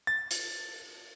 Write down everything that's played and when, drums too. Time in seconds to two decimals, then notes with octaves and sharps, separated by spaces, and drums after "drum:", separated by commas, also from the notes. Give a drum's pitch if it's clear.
0.07 A6
0.31 drum: hi-hat